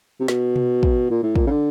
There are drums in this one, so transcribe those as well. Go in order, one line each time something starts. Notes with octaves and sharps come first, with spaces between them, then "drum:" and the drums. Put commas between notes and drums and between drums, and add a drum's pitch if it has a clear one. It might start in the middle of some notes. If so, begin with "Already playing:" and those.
C3
B2, drum: snare
drum: tom B2
drum: kick
A#2
A2
A#2, drum: kick
C#3
D3